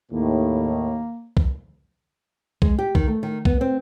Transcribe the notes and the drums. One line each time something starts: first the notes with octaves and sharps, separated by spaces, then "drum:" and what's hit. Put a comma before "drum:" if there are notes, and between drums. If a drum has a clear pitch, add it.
D#2 A2 A#3
drum: kick B1
G#3, drum: kick B1
G4
D#3, drum: kick B1
A3
D#3
B3, drum: kick B1
C4